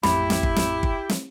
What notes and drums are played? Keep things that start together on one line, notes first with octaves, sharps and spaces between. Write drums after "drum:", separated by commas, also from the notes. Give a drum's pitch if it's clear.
A1 F2 A3 E4 G4 B5, drum: snare
drum: snare
drum: kick G1
drum: snare
drum: kick G1
drum: snare